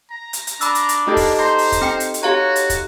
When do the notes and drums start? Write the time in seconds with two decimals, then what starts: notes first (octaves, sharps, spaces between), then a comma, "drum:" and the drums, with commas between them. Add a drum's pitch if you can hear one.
0.11 A#5
0.33 drum: hi-hat
0.47 drum: hi-hat
0.61 D4 B5 E6, drum: hi-hat
0.75 drum: hi-hat
0.89 drum: hi-hat
1.07 A#3 D#4 G4 A4
1.17 drum: kick, open hi-hat
1.39 C5 A#5 C6
1.58 drum: open hi-hat
1.72 drum: kick, hi-hat
1.82 C4 G5 C#7
2.00 drum: hi-hat
2.14 drum: hi-hat
2.23 F#4 G4 C#5 F5 A#5
2.56 drum: hi-hat
2.70 drum: kick, hi-hat